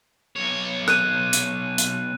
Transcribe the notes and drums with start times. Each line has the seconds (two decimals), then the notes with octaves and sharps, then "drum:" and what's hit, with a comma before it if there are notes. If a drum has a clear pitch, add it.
0.36 B1 C#5
0.88 F#6 D#7, drum: rim click
1.33 drum: hi-hat
1.78 drum: hi-hat